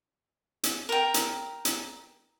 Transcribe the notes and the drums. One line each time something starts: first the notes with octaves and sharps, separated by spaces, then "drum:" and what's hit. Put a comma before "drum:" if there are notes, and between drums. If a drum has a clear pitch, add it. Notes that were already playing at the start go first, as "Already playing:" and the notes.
drum: hi-hat
A#4 G5
drum: hi-hat
drum: hi-hat